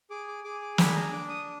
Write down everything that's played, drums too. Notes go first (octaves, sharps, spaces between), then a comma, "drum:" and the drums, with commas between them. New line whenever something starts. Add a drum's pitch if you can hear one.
G#4 D6
D6
G#4 D6
D6
D4 B5, drum: snare
A#5
D4 D6
D#6